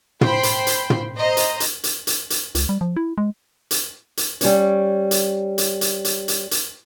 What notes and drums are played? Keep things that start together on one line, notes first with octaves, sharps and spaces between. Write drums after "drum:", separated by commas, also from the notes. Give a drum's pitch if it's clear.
C5 G5 B5 C6, drum: tom
drum: hi-hat
drum: hi-hat
drum: tom
C5 D#5 A#5
drum: hi-hat
drum: hi-hat
drum: hi-hat
drum: hi-hat
drum: hi-hat
C#2, drum: hi-hat
G3
F3
E4
G#3
drum: hi-hat
drum: hi-hat
G3 C#4 C#5, drum: hi-hat
drum: hi-hat
drum: hi-hat
drum: hi-hat
drum: hi-hat
drum: hi-hat
drum: hi-hat